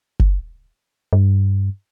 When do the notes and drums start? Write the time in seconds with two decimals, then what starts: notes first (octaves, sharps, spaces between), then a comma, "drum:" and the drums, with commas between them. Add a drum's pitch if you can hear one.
0.20 drum: kick F#1
1.13 G2